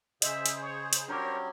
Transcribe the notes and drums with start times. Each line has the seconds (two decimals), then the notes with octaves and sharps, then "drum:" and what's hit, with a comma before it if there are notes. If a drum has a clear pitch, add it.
0.22 C#3 G#4 C5 D#5 E5, drum: hi-hat
0.46 drum: hi-hat
0.61 C#5
0.93 drum: hi-hat
1.08 F#3 G3 C#4 D4 A#4 C5 C#5 D6